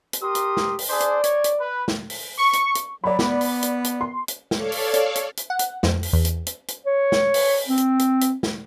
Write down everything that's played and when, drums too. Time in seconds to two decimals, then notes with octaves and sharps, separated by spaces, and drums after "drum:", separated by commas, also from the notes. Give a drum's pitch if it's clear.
0.13 drum: hi-hat
0.23 G4 A#4 C6 D#6
0.35 drum: hi-hat
0.57 drum: snare
0.79 drum: open hi-hat
0.90 D4 G#4 C5 D5
1.00 drum: hi-hat
1.24 C#5, drum: hi-hat
1.44 drum: hi-hat
1.60 B4
1.88 drum: snare
2.10 drum: open hi-hat
2.37 C#6
2.53 drum: hi-hat
2.75 drum: hi-hat
3.04 F#3 D5 B5
3.19 B3, drum: snare
3.41 drum: open hi-hat
3.63 drum: hi-hat
3.84 drum: hi-hat
4.01 C6
4.28 drum: hi-hat
4.51 A4 C#5 D5 F5, drum: snare
4.72 drum: open hi-hat
4.94 drum: hi-hat
5.15 drum: hi-hat
5.37 drum: hi-hat
5.50 F#5
5.59 drum: hi-hat
5.83 F2, drum: snare
6.03 drum: open hi-hat
6.13 E2
6.25 drum: hi-hat
6.47 drum: hi-hat
6.68 drum: hi-hat
6.86 C#5
7.12 drum: snare
7.34 drum: open hi-hat
7.68 C4
7.78 drum: hi-hat
7.99 drum: hi-hat
8.21 drum: hi-hat
8.43 drum: snare